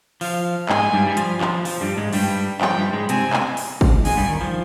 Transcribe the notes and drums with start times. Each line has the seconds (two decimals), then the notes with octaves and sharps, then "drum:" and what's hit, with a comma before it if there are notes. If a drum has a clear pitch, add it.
0.21 F3 F5, drum: open hi-hat
0.69 G#2 G#3 G#5, drum: clap
0.93 G2 G3
1.07 G3
1.17 F3, drum: hi-hat
1.41 F3, drum: clap
1.65 F3, drum: open hi-hat
1.81 G2 G3
1.97 G#2 G#3
2.13 G2 G3 G5, drum: open hi-hat
2.61 F3 G5, drum: clap
2.77 G2 G3
2.93 G#2 G#3
3.09 C3 C4 G#5, drum: hi-hat
3.33 drum: clap
3.57 drum: open hi-hat
3.81 drum: kick
4.05 G#2 G#3 G#5, drum: open hi-hat
4.17 G2 G3
4.29 D#3
4.41 F3